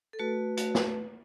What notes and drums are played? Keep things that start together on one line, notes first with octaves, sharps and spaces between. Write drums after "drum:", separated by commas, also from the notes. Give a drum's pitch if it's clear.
A4
A3 F#4 B4
A3 F#4, drum: hi-hat
drum: snare